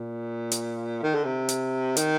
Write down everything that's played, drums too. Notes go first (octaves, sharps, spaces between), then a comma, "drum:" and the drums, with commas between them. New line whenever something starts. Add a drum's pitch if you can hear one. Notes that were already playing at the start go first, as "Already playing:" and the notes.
Already playing: A#2
drum: hi-hat
D#3
D3
C3
drum: hi-hat
D#3, drum: hi-hat